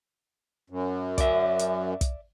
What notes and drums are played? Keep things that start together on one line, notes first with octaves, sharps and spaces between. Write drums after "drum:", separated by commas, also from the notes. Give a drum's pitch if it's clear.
F#2
D5 E5, drum: kick, hi-hat
drum: hi-hat
drum: kick, hi-hat